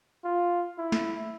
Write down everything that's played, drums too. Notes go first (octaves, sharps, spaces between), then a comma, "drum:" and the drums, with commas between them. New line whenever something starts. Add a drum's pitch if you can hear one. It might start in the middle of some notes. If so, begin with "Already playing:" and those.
F4
E4
drum: snare